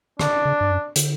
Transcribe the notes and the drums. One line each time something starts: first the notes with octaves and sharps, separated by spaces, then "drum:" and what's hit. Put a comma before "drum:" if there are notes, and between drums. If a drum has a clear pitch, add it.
D3 D4, drum: rim click
C#3
G2
F#2
D3, drum: hi-hat